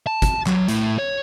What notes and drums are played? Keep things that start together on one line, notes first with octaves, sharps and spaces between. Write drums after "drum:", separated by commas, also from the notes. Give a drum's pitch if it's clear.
A5
drum: kick, hi-hat
F#3, drum: clap
A2, drum: hi-hat
C#5